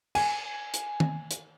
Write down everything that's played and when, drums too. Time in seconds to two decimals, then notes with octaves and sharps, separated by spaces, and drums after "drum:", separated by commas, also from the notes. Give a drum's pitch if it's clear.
0.15 G#5, drum: cymbal
0.74 drum: hi-hat
1.00 drum: tom D#3
1.31 drum: hi-hat